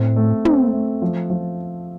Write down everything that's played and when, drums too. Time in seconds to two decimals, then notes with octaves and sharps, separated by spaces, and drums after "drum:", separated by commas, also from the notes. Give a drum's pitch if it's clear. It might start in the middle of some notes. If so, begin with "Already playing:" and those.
Already playing: A2 A3 C4
0.16 A3
0.45 C4, drum: tom
0.73 A3
1.02 F3
1.30 F3